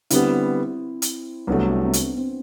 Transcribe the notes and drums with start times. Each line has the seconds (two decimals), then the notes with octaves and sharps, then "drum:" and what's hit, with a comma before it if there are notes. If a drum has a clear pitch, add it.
0.10 D3 G3 B3 C4 E4, drum: hi-hat
1.02 drum: hi-hat
1.47 C2 C3 F#3 A3 B3 D4
1.81 C4
1.93 drum: hi-hat
2.16 C4